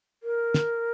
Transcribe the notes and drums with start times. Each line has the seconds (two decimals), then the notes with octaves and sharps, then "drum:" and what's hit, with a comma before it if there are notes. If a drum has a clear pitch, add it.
0.23 A#4
0.54 drum: snare